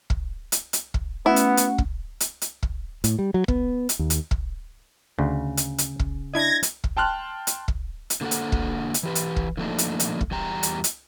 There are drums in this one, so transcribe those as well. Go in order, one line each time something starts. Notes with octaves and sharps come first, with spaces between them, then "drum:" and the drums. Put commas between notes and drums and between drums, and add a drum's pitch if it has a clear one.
drum: kick
drum: hi-hat
drum: hi-hat
drum: kick
A3 B3 C#4 E4 F#4
drum: hi-hat
drum: hi-hat
drum: kick
drum: hi-hat
drum: hi-hat
drum: kick
A2, drum: hi-hat
G3
F#3
B3, drum: kick
drum: hi-hat
D#2
drum: hi-hat
drum: kick
D2 C#3
drum: hi-hat
drum: hi-hat
drum: kick
D4 E4 D#5 G#6 A#6
drum: hi-hat
drum: kick
G5 A5 C6 F6 F#6
drum: hi-hat
drum: kick
drum: hi-hat
D3 A#3 A4 F#5
drum: hi-hat
drum: kick
drum: hi-hat
E3 G4 B4
drum: hi-hat
drum: kick
D3 F3 A3 A#3 D4 D#4
drum: hi-hat
drum: hi-hat
drum: kick
E2 G3 G5 A#5
drum: hi-hat
drum: hi-hat